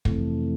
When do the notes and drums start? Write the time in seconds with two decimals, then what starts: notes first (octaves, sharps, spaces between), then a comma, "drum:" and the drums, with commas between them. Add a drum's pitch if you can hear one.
0.05 F2 C3 E3 A3, drum: kick